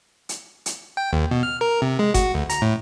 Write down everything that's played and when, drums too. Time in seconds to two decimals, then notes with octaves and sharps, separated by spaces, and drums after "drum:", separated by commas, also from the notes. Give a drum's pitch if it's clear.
0.29 drum: hi-hat
0.66 drum: hi-hat
0.97 G5
1.13 D#2
1.31 B2
1.43 F6
1.61 A#4
1.82 C3
1.99 G#3
2.14 F#4, drum: kick F#1, hi-hat
2.34 D2
2.50 A#5, drum: hi-hat
2.62 A2